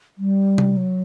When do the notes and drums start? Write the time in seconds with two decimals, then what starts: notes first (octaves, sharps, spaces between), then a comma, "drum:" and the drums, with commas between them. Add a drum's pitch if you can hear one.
0.18 G3
0.58 drum: tom C3
0.76 F#3